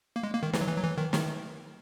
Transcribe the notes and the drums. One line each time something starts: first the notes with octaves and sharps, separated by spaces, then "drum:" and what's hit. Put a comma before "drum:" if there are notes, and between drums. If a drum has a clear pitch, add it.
A#3
G#3
A#3
D#3
E3, drum: snare
F#3
E3
F#3
E3
D#3
D#3, drum: snare